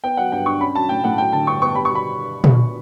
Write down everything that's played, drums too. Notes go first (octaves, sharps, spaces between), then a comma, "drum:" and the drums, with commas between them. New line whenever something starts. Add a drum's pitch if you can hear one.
B3 G5
F#3 F#5
G2 G5
D4 C#6
C#4 B5
F#3 A5
A2 G5
A2 F#5
F#3 G5
D3 A5
G2 C#6
B3 C#6
G3 B5
B2 C#6
B5
drum: tom A#2